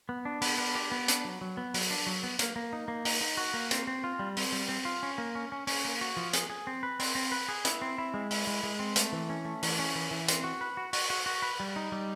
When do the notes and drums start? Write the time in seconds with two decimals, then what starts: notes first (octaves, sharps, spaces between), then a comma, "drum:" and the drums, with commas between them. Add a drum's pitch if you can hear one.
0.09 B3
0.25 D4
0.42 B3, drum: open hi-hat
0.58 D4
0.75 G4
0.92 B3
1.08 D4, drum: hi-hat
1.25 F#3
1.41 F#3
1.57 B3
1.74 F#3, drum: open hi-hat
1.91 D4
2.07 F#3
2.23 B3
2.39 A#3, drum: hi-hat
2.56 A#3
2.73 D#4
2.88 A#3
3.05 D#4, drum: open hi-hat
3.21 D#4
3.37 F#4
3.54 A#3
3.71 C4, drum: hi-hat
3.87 C4
4.04 F4
4.19 G3
4.37 C4, drum: open hi-hat
4.52 G3
4.69 C4
4.85 F4
5.03 C#4
5.18 A#3
5.35 C#4
5.52 C#4
5.67 C#4, drum: open hi-hat
5.85 A#3
6.01 F#4
6.17 F3
6.33 G#4, drum: hi-hat
6.50 G#4
6.67 C4
6.83 B4
7.00 C4, drum: open hi-hat
7.15 C4
7.32 B4
7.48 G#4
7.65 E4, drum: hi-hat
7.82 C4
7.98 E4
8.14 G#3
8.31 E4, drum: open hi-hat
8.47 G#3
8.63 G#3
8.79 C4
8.96 A3, drum: hi-hat
9.12 E3
9.30 C#4
9.45 A3
9.63 E3, drum: open hi-hat
9.79 C#4
9.95 E3
10.11 E3
10.28 C4, drum: hi-hat
10.44 F#4
10.61 B4
10.77 F#4
10.93 F#4, drum: open hi-hat
11.10 F#4
11.26 F#4
11.42 B4
11.60 G3
11.76 D#4
11.92 G3